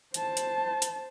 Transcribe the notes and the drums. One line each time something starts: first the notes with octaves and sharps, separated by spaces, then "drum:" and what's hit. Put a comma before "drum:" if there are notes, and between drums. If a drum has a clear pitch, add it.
C5 A5, drum: hi-hat
drum: hi-hat
drum: hi-hat